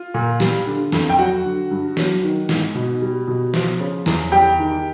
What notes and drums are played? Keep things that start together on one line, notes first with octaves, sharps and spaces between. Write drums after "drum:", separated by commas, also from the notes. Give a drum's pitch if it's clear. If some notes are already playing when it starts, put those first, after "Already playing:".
Already playing: F4
A#2
G3, drum: snare
D3
F2, drum: snare
G5
F#3 F#4 F#5
D3
G2
F#3, drum: snare
D#3
G#2, drum: snare
B2
G3
B2
F3, drum: snare
C#3
E2, drum: snare
G3 G4 G5
D#3